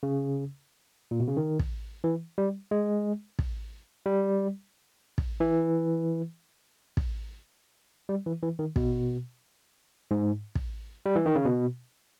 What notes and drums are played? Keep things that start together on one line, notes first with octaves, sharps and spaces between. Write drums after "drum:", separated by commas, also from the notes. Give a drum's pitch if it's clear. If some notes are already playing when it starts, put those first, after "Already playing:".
C#3
A#2
B2
C#3
D#3
drum: kick
E3
G3
G#3
drum: kick
G3
drum: kick
E3
drum: kick
G3
E3
E3
D#3
B2, drum: kick
G#2
drum: kick
G3
E3
D#3
C#3
B2